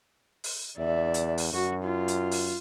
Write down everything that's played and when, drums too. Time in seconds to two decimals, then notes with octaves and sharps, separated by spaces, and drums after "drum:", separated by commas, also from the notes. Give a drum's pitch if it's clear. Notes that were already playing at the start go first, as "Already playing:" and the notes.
0.44 drum: open hi-hat
0.78 E2 D5 E5
1.14 drum: hi-hat
1.38 drum: open hi-hat
1.53 F#2 F#4
1.84 F4
2.08 drum: hi-hat
2.31 drum: open hi-hat